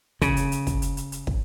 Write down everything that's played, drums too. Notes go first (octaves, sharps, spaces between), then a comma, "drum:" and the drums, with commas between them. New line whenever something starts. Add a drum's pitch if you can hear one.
C#3, drum: kick, hi-hat
drum: hi-hat
drum: hi-hat
drum: kick, hi-hat
drum: hi-hat
drum: hi-hat
drum: hi-hat
drum: kick